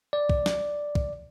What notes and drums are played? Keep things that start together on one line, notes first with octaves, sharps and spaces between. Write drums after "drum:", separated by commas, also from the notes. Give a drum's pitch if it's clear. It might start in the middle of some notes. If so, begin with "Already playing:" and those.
D5
drum: kick
drum: snare
drum: kick